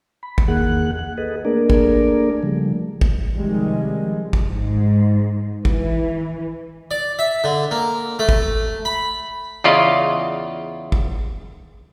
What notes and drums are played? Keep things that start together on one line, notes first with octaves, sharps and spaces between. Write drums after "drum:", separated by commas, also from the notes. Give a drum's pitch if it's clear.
B5
drum: kick
E2 D#3 A#3 G#4 F#5 F#6
F#5
G#4 A4 B4 D#5
A3 A#3 D4 G#4 A#4 D5
drum: kick
C#3 F3 G3 A3
drum: kick
C3 D#3 F3 G3 G#3
drum: kick
G#2
E3, drum: kick
D5
E5
D3
A#3
A3
drum: kick
B5
E2 C#3 F4 D5 D#5 F5
drum: kick